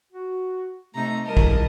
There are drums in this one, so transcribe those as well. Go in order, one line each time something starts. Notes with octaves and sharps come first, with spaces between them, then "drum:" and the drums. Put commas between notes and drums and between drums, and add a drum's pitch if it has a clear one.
F#4
C3 A3 D#4 A#5
G3 E4 A#4 D#5 A5
drum: kick A#1